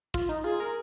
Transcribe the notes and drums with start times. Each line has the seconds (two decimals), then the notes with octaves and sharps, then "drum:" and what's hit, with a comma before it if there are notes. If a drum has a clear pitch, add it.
0.14 F4, drum: kick
0.29 D#4
0.44 F4 G#4
0.60 A#4